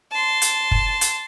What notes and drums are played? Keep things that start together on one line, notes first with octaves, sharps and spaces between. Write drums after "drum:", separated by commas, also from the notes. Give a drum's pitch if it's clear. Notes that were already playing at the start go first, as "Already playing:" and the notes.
A5 C6
drum: hi-hat
drum: kick
drum: hi-hat